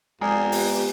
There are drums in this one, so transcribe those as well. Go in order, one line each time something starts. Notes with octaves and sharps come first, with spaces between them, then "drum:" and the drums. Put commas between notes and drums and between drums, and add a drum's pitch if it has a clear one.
F2 G#3 B3 F4 G4 D5 G#5 A#5
drum: open hi-hat